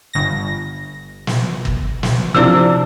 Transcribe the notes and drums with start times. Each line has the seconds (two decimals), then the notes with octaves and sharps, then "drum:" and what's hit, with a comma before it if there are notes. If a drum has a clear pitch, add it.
0.13 G1 A#6
1.27 drum: snare
1.65 drum: kick
2.03 drum: snare
2.35 C3 F3 D4 E4 E6